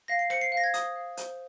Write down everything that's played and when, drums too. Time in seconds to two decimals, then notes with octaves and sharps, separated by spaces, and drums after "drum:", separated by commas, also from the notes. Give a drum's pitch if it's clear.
0.08 F5 A#6
0.19 C7
0.30 C5 C#7, drum: rim click
0.41 C7
0.52 F5
0.57 A#6
0.64 G#6
0.74 C5 D#6, drum: hi-hat
0.96 F5
1.17 C5, drum: hi-hat